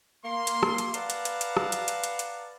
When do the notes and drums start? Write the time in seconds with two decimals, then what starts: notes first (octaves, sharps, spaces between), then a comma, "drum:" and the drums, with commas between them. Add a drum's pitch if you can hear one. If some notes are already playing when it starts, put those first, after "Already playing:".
0.25 A#3 C6
0.47 drum: hi-hat
0.63 drum: rim click
0.78 drum: hi-hat
0.94 B4 D5 F5 F#5 A5 A#5, drum: hi-hat
1.10 drum: hi-hat
1.25 drum: hi-hat
1.41 drum: hi-hat
1.57 drum: rim click
1.72 drum: hi-hat
1.88 drum: hi-hat
2.04 drum: hi-hat
2.19 drum: hi-hat